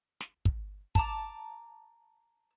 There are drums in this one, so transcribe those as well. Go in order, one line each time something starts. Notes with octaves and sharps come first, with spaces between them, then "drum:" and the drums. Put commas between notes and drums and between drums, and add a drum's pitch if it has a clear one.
drum: snare
drum: kick
A5 A#5 D6, drum: kick